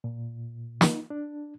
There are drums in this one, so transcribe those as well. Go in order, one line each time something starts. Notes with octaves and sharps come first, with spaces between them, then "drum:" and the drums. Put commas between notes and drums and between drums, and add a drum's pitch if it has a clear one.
A#2
D#4, drum: snare
D4